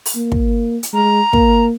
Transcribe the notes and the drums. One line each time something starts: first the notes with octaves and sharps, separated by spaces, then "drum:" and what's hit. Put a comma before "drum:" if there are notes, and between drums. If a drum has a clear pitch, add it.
drum: open hi-hat
A#3
drum: kick
drum: hi-hat
G#3 A#5
A#3, drum: kick